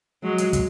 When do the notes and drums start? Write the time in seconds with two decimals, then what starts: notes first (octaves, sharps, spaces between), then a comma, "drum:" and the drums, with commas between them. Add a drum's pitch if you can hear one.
0.23 F#3 G#3
0.38 drum: hi-hat
0.53 drum: kick, hi-hat